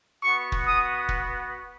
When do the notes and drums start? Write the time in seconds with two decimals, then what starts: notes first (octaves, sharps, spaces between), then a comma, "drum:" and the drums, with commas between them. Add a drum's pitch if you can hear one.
0.23 B3 F#4 C#6
0.52 drum: kick
0.67 D#6
1.09 drum: kick